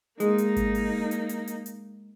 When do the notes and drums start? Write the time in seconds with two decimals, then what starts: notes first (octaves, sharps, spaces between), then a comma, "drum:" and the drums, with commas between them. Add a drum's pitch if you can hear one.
0.20 G#3 A#3 D#4, drum: hi-hat
0.38 drum: hi-hat
0.56 drum: kick G#1, hi-hat
0.75 drum: open hi-hat
1.11 drum: hi-hat
1.29 drum: hi-hat
1.47 drum: hi-hat
1.66 drum: hi-hat